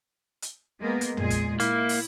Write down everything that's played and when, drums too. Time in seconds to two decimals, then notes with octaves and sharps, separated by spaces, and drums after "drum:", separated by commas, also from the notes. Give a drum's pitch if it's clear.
0.42 drum: hi-hat
0.80 G#3 A#3 B3
1.01 drum: hi-hat
1.17 A#2 G#3 G#4, drum: tom
1.30 drum: kick, hi-hat
1.60 A#3 E4, drum: hi-hat
1.89 drum: open hi-hat